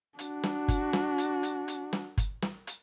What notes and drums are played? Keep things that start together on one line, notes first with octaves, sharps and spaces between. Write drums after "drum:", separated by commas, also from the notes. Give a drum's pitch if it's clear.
D4 F#4, drum: hi-hat
drum: snare
drum: kick G1, hi-hat
drum: snare
drum: hi-hat
drum: hi-hat
drum: hi-hat
drum: snare
drum: kick G1, hi-hat
drum: snare
drum: hi-hat